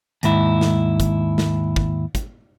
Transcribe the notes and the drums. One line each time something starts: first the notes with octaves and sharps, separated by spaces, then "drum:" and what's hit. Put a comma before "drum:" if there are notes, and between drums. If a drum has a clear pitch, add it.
D#2 G#2 E4, drum: hi-hat
drum: snare
drum: kick, hi-hat
drum: snare
drum: kick
drum: kick, hi-hat